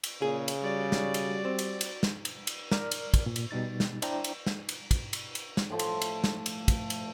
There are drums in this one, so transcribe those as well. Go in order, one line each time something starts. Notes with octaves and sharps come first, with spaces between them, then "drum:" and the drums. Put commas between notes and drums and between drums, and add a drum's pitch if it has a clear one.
drum: cymbal
A#2 C#3 G#4
drum: cymbal
G3 F#4 D5
drum: snare
drum: cymbal
C4
drum: cymbal
drum: cymbal
drum: snare
drum: cymbal
drum: cymbal
A#4 D5 F6, drum: snare
drum: cymbal
drum: kick, cymbal
A#2
drum: cymbal
B2 G3 D#4 A6
drum: snare
D4 E4 C5 D5 G5 A#5, drum: cymbal
drum: cymbal
drum: snare
drum: cymbal
drum: kick, cymbal
drum: cymbal
drum: cymbal
drum: snare
A2 F3 A3
drum: cymbal
drum: cymbal
drum: snare
drum: cymbal
drum: kick, cymbal
drum: cymbal